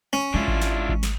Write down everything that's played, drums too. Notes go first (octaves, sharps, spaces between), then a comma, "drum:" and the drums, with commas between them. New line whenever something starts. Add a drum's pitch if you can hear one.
C#4
G#3 D4 E4 F4
drum: kick G#1
drum: snare
drum: kick G#1
drum: snare